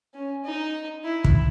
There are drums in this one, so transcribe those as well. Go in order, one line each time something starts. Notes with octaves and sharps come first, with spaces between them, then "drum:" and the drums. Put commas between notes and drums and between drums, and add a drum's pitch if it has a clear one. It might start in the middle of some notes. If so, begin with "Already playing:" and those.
C#4
D#4
E4
drum: kick